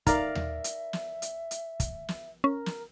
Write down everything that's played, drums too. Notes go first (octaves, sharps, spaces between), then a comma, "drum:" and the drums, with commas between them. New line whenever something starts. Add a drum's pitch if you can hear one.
D#4 A#4 D5 E5 F5 A#5, drum: kick, hi-hat
drum: tom D#2
drum: hi-hat
drum: snare
drum: hi-hat
drum: hi-hat
drum: kick, hi-hat
drum: snare
C#4 A#4
drum: snare